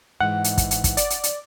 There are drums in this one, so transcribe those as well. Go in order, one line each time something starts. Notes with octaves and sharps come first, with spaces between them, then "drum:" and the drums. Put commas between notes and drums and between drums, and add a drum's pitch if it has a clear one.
G#2 E3 G#3 F#5
drum: hi-hat
drum: kick, hi-hat
drum: hi-hat
drum: kick, hi-hat
D5, drum: hi-hat
drum: hi-hat
drum: hi-hat